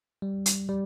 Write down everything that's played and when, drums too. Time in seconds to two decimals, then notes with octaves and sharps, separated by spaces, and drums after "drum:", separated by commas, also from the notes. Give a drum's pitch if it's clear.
0.22 G3
0.46 drum: hi-hat
0.69 G3